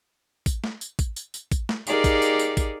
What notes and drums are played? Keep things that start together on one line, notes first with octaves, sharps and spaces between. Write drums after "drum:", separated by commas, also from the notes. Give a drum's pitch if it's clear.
drum: kick, tambourine
drum: snare
drum: tambourine
drum: kick, tambourine
drum: tambourine
drum: tambourine
drum: kick, tambourine
drum: snare
D#4 G4 G#4 A#4 D5 F5, drum: tambourine
drum: kick, tambourine
drum: tambourine
drum: tambourine
drum: kick, tambourine